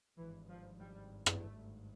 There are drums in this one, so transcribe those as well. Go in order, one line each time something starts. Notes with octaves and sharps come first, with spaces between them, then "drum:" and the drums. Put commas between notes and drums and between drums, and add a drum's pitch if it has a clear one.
G#1 G2 E3
F3
G3
drum: rim click
A3